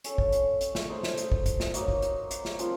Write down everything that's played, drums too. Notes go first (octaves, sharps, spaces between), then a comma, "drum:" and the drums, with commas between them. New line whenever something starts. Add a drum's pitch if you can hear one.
C#4 A4 C#5, drum: hi-hat
drum: kick
drum: hi-hat
drum: hi-hat
drum: snare
D#4 A4 C5
drum: snare
drum: hi-hat
drum: kick
drum: kick, hi-hat
drum: snare
F#3 A#3 D#4, drum: hi-hat
drum: kick
drum: hi-hat
drum: hi-hat
drum: snare
F3 C4 F4 A#4, drum: hi-hat